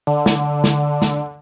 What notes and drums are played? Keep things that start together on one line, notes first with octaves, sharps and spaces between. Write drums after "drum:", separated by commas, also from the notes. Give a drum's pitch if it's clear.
D3
drum: snare
drum: snare
drum: snare